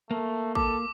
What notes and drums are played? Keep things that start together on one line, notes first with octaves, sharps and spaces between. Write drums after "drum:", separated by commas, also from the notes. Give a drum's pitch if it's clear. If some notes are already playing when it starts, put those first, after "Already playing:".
A3 A#3
A4 D6, drum: kick